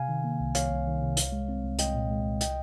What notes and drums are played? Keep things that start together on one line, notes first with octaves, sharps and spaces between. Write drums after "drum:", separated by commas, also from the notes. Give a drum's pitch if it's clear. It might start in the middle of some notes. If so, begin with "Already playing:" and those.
Already playing: C3 F5 G#5
D#3
A#3
C2
C2 C#5 F5, drum: hi-hat
C2
D#3
C3
C2, drum: hi-hat
G#3
C4
C2
C2 D#5 G5, drum: hi-hat
A#2
G#3
C2
D#5 G5, drum: hi-hat